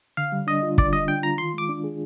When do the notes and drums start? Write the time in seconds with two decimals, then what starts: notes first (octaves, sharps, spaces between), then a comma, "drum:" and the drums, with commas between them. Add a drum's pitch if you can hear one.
0.17 D3 F5
0.32 G3
0.47 D4 D#5
0.63 F4
0.78 D3 D5, drum: kick
0.93 G3 D#5
1.08 D4 G5
1.23 F4 A#5
1.38 D#3 C6
1.54 G#3 D6
1.69 D4
1.84 G#4